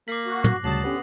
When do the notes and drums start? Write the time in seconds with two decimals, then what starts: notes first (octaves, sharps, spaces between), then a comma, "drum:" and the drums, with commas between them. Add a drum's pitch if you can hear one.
0.08 A#3 D6 B6 C7 F#7
0.26 F#4
0.44 F#6 A#6, drum: tom
0.64 D2 C#3 F#3 G3 A5 D#6 C7 F#7
0.84 D3 B3 C#4 G4 B4